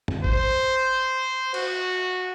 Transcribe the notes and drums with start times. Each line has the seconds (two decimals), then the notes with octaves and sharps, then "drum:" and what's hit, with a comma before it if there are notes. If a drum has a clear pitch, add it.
0.08 drum: tom
0.24 C5, drum: kick
1.54 F#4, drum: cymbal